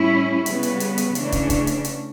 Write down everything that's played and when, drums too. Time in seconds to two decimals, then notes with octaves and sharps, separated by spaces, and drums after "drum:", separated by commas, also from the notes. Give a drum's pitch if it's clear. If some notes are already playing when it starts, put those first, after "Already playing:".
Already playing: A2 G3 C#4 E4
0.46 C#3 G3 B3, drum: hi-hat
0.63 drum: hi-hat
0.80 drum: hi-hat
0.98 drum: hi-hat
1.15 C#3 E3 A3 C#4 D4, drum: hi-hat
1.32 drum: kick, hi-hat
1.50 drum: kick, hi-hat
1.67 drum: hi-hat
1.85 drum: hi-hat